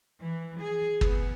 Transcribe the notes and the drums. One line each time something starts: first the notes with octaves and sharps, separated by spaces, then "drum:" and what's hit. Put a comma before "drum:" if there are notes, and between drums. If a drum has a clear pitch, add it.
E3
G#4
B3, drum: kick